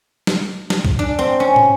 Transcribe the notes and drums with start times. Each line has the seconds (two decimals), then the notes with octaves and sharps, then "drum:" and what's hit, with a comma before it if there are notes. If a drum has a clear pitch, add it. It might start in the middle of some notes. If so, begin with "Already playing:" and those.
0.27 drum: snare
0.70 drum: snare
0.85 drum: kick
0.99 D4
1.19 C4
1.40 C#4
1.56 drum: tom